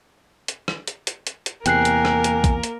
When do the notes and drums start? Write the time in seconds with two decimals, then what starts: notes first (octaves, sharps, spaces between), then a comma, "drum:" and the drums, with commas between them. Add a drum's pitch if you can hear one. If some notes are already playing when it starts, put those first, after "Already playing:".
0.48 drum: hi-hat
0.68 drum: rim click
0.87 drum: hi-hat
1.07 drum: hi-hat
1.27 drum: hi-hat
1.46 drum: hi-hat
1.66 E2 C3 A#3 A#4 G5 G#5 F#6 C7, drum: hi-hat
1.85 drum: hi-hat
2.05 drum: rim click
2.24 drum: hi-hat
2.44 drum: kick, hi-hat
2.63 drum: hi-hat